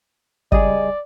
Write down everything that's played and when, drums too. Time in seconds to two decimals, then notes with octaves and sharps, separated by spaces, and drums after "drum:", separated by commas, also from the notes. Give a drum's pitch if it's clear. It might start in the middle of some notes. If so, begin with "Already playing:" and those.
0.52 C#2 G3 G#4 D5 D#5, drum: kick